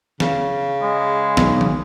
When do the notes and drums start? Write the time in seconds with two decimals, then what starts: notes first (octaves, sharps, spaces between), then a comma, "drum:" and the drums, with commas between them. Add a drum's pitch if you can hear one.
0.20 C#3, drum: snare
0.82 G#3
1.37 B1, drum: snare
1.61 drum: tom D#3